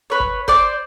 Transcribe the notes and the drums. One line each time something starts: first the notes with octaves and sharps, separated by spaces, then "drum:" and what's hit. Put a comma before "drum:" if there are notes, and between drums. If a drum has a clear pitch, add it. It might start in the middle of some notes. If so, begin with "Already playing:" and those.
B4 C#5
drum: kick G1
C5 D5 D6, drum: kick G1